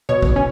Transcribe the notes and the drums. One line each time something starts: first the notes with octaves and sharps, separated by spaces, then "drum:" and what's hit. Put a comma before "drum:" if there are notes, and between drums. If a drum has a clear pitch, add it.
B2 C#5
drum: kick
C#4